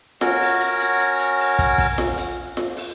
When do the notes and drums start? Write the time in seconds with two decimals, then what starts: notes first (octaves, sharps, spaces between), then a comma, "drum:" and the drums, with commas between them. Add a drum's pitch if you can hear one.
0.21 C#4 F#4 A#4 C#5, drum: snare F4
0.41 drum: open hi-hat
0.60 drum: hi-hat
0.80 drum: hi-hat
1.00 drum: hi-hat
1.19 drum: hi-hat
1.39 drum: open hi-hat
1.59 drum: kick, hi-hat
1.78 drum: kick, open hi-hat
1.98 drum: snare F4
2.18 drum: hi-hat
2.57 drum: snare F4
2.77 drum: open hi-hat